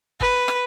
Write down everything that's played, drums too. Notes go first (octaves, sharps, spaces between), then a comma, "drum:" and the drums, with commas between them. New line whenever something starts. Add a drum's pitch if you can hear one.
B4, drum: kick
drum: rim click